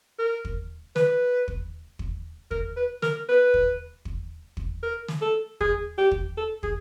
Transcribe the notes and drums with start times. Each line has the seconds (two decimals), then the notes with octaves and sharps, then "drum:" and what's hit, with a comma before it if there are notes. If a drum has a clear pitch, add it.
0.19 A#4
0.45 drum: kick
0.96 B4, drum: snare
1.48 drum: kick
1.99 drum: kick
2.51 A#4, drum: kick
2.76 B4
3.02 A#4, drum: snare
3.29 B4
3.54 drum: kick
4.05 drum: kick
4.57 drum: kick
4.83 A#4
5.08 drum: snare
5.21 A4
5.60 G#4, drum: kick
5.98 G4
6.11 drum: kick
6.37 A4
6.63 G#4, drum: kick